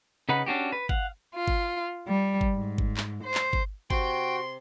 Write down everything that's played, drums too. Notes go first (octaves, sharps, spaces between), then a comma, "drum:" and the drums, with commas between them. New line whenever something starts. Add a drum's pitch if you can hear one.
C#3 D#4 B4 F#5 B5
C#4 D4 F#4 G4
B4
F5 F#5, drum: kick G1
F4
drum: kick G1
G3
drum: kick G1
G#2
drum: kick G1
drum: clap
C5
drum: clap
drum: kick G1
C3 F#4 G5 C6, drum: kick G1